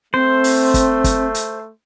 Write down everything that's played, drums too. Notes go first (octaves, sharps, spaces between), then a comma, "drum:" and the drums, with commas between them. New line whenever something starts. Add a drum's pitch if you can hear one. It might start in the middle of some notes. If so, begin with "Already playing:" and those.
A3 C4 C5
drum: open hi-hat
drum: kick, hi-hat
drum: kick, hi-hat
drum: hi-hat